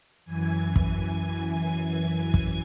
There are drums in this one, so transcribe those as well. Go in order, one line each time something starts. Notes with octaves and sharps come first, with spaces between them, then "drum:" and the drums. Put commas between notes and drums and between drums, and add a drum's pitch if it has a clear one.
F#2 E3 G#5 G#6
drum: kick
drum: kick